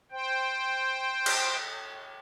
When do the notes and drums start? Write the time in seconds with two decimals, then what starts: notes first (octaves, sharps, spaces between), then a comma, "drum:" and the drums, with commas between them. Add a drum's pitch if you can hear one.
0.11 C5 G5
1.26 drum: cymbal